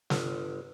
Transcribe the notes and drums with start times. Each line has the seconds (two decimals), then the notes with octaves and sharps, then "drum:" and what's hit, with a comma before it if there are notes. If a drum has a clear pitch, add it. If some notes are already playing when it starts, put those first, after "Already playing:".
0.10 G1, drum: snare